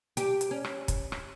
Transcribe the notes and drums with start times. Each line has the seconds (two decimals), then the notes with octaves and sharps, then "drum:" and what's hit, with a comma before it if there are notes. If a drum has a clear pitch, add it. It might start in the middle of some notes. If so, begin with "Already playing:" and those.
0.17 G4, drum: hi-hat
0.41 drum: hi-hat
0.51 C#4
0.64 drum: rim click
0.88 drum: kick, hi-hat
1.12 drum: rim click